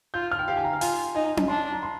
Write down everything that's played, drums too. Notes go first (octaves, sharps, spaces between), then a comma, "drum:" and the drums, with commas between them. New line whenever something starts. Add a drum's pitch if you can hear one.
F4 G6
F6
G5
G4 F5
G#5
A#5
F5
F4 G#5, drum: open hi-hat
D#4 G#5
drum: tom C#4
D4 C6
A#5
C6